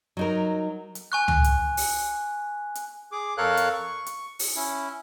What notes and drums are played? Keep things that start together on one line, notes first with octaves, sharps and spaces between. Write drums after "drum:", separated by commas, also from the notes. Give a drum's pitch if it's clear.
F#3 D#4 A#4
drum: hi-hat
G#5 C#6 F#6
drum: tom C#2
drum: hi-hat
drum: open hi-hat
drum: hi-hat
G#4 D6
F2 A4 A#4 C#5 F5 F#6
drum: hi-hat
C#6
drum: hi-hat
drum: open hi-hat
C#4 E4